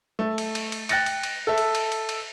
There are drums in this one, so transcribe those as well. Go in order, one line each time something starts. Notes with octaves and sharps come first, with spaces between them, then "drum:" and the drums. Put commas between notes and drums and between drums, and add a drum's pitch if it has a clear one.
A3
drum: cymbal
drum: cymbal
drum: cymbal
G5 F#6 A6 A#6 C#7, drum: cymbal
drum: cymbal
drum: cymbal
A4 E5
drum: cymbal
drum: cymbal
drum: cymbal
drum: cymbal